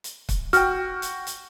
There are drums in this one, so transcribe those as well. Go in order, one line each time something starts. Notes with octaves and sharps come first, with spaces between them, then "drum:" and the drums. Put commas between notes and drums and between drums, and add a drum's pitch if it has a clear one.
drum: hi-hat
drum: kick, hi-hat
F#4 G5 F6, drum: hi-hat
drum: hi-hat
drum: hi-hat